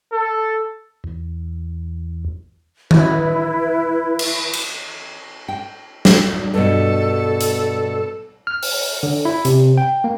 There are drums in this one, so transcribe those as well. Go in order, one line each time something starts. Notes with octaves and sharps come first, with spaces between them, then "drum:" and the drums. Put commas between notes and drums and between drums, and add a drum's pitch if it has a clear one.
A4
E2
E4 B4, drum: tom D#3
drum: cymbal
drum: cymbal
G5
drum: snare
G2 B2 A4
drum: hi-hat
F6
drum: open hi-hat
D3
E4
C3, drum: hi-hat
G5
A#3